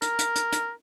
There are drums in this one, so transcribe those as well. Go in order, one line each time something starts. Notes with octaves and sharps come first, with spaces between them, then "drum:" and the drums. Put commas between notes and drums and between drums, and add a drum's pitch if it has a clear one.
A#4, drum: hi-hat
drum: hi-hat
drum: hi-hat
drum: hi-hat